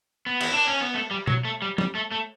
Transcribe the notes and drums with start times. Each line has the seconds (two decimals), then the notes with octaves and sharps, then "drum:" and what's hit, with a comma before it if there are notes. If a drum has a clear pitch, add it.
0.26 B3
0.41 E4, drum: cymbal
0.54 D4
0.67 C#4
0.81 B3
0.94 A3
1.11 G3
1.27 F#3, drum: tom B2
1.45 A3
1.62 G3
1.78 G3, drum: tom
1.95 A3
2.11 A3